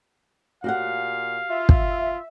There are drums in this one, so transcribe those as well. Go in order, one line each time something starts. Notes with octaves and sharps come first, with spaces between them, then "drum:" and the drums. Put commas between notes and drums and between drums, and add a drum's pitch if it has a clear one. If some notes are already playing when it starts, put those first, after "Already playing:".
A#2 F#4 G4 F5 F#5
F4 E5
drum: kick